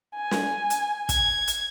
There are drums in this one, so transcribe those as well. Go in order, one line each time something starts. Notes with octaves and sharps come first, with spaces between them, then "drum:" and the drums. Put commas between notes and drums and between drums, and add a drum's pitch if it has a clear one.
G#5
drum: snare
drum: hi-hat
G#6, drum: kick, hi-hat
drum: hi-hat